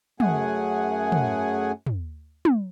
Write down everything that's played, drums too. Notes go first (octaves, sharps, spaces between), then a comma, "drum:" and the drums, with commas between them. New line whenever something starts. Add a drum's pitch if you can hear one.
F#2 A3 G#4 F#5 G#5, drum: tom
drum: tom
drum: tom
drum: tom